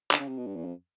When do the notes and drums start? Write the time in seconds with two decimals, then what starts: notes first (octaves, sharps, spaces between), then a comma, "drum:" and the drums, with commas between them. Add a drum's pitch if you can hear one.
0.11 D3, drum: clap
0.20 C#3
0.28 C3
0.38 B2
0.47 G2
0.55 E2
0.65 F2